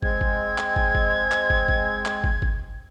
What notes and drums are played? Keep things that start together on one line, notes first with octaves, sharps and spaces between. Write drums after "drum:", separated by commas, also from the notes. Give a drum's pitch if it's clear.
G#3 C4 G#6, drum: kick
drum: kick
drum: clap
drum: kick
drum: kick
drum: clap
drum: kick
drum: kick
drum: clap
drum: kick
drum: kick